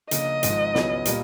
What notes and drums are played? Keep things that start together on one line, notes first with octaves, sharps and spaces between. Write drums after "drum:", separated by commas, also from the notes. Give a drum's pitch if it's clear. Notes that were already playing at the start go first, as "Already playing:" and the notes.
C#3 F3 A#3 D4 D#5, drum: hi-hat
G#1 G#2 F3, drum: hi-hat
C#2 C#3 F#3 B3 E4, drum: snare
A#2 G3 A#3, drum: hi-hat